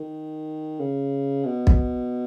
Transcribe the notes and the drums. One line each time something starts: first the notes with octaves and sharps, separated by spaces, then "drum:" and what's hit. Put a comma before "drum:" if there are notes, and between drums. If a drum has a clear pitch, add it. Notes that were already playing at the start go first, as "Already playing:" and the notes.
Already playing: D#3
C#3
B2
drum: kick